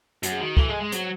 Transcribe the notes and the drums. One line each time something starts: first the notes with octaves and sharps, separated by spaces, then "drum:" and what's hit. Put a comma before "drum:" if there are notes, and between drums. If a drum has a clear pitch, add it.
F#2 F#4, drum: hi-hat
G#4
D#3 F#4
E3 A4, drum: kick
G#3 G#4
G#3 G#4
F#3 C5, drum: hi-hat